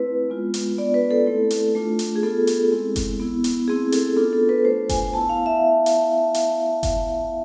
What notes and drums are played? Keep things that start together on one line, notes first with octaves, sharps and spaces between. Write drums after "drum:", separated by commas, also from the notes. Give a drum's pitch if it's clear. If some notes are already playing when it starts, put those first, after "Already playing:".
Already playing: A3 C4 E4 B4
G#3 B3 F4
drum: hi-hat
B3 D4 F4 D5
B4
A4
A3 C4 E4
drum: hi-hat
A3 D4 F4
drum: hi-hat
G#4
B3 F4 A4
drum: hi-hat
G#3 C4 E4
drum: kick F#1, hi-hat
B3 E4
drum: hi-hat
A3 C4 E4 G#4
A4, drum: hi-hat
B3 D4 F4 A4
A4
B4
A3 D4 F4 C5
G#5, drum: kick F#1, hi-hat
B3 E4 A5
F5
E5
drum: hi-hat
drum: hi-hat
drum: kick F#1, hi-hat